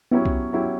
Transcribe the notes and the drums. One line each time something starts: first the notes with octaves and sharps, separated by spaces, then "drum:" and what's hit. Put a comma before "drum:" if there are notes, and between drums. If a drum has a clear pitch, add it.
F#3 B3 C#4 E4 G4
drum: kick
F#3 C#4 E4 G4